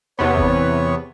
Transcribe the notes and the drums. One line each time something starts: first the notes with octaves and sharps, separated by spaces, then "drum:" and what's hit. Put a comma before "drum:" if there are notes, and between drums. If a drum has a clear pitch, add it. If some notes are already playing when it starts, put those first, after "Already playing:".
E2 C3 B3 C#5
drum: kick G1